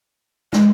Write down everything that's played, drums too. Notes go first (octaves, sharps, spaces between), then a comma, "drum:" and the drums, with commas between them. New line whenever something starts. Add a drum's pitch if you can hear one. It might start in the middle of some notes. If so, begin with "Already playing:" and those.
G#3, drum: snare